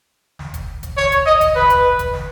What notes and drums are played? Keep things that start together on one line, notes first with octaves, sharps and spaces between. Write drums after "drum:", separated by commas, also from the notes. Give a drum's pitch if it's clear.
drum: snare
drum: kick, hi-hat
drum: kick, hi-hat
C#5, drum: snare
drum: kick, hi-hat
D#5
drum: kick, hi-hat
B4, drum: snare
drum: kick, hi-hat
drum: kick, hi-hat
drum: snare